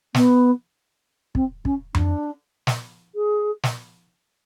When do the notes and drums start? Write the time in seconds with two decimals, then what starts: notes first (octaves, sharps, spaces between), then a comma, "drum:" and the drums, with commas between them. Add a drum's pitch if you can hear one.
0.15 B3, drum: snare
1.35 C4, drum: kick
1.65 C#4, drum: kick
1.95 D4, drum: tom F2
2.67 drum: snare
3.15 G#4
3.63 drum: snare